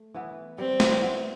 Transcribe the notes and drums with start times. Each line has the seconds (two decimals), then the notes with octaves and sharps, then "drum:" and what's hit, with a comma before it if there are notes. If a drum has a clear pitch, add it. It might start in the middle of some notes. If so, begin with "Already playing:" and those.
Already playing: A3
0.14 E3 B3 E4
0.58 G3 C4
0.80 drum: snare
1.02 B3 E4